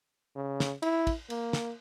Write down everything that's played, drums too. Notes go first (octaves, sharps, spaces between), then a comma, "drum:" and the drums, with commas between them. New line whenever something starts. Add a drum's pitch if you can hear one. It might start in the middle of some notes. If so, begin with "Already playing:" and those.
C#3
drum: snare
E4, drum: cymbal
drum: kick, cymbal
A#3, drum: cymbal
drum: snare